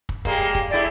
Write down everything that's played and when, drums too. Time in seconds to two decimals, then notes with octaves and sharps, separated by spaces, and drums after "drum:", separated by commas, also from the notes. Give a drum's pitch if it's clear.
0.09 drum: kick
0.25 G3 G#3 A#3, drum: kick
0.55 drum: kick
0.71 G#3 A3 E4 D5